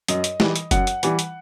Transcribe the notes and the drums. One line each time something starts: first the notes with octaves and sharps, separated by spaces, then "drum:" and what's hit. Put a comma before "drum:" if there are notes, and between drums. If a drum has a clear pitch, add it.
F#2 D#5, drum: hi-hat
drum: hi-hat
E3 G3, drum: snare
drum: hi-hat
F#2 F#5, drum: kick F#1, hi-hat
drum: hi-hat
E3 G3, drum: hi-hat
drum: hi-hat